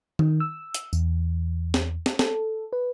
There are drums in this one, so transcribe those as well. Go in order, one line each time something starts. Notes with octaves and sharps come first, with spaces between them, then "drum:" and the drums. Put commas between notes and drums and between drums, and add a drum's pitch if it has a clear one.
D#3, drum: tom D#3
E6
drum: hi-hat
E2, drum: tambourine
drum: snare
drum: snare
A4, drum: snare
B4